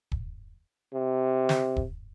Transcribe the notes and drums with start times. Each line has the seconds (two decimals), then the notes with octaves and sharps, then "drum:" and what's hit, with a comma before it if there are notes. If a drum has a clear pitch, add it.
0.12 drum: kick
0.94 C3
1.49 drum: snare
1.76 drum: kick